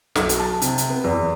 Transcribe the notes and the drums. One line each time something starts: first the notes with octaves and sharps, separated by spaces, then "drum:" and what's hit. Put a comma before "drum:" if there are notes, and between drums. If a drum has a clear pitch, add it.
B1, drum: snare
drum: hi-hat
A5
C3, drum: hi-hat
drum: hi-hat
B3
E2